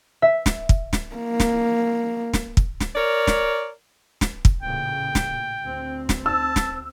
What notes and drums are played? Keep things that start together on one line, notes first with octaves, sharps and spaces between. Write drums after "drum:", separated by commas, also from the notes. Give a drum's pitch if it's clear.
E5
drum: snare
drum: kick
drum: snare
A#3
drum: snare
drum: snare
drum: kick
drum: snare
A#4 C#5 D5
drum: snare
drum: snare
drum: kick
A1 A#2 C#3 G5
drum: snare
D2 C4
drum: snare
A5 E6
drum: snare